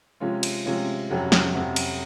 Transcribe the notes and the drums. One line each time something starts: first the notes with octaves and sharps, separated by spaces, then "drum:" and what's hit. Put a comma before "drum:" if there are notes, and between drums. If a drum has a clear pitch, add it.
C3 F3 G#3 C#4 F4
drum: cymbal
C3 F3 G#3 C#4 F4
F2 C3 F#3 C#4 F#4
drum: snare
F2 C3 F#3 C#4 F#4
drum: cymbal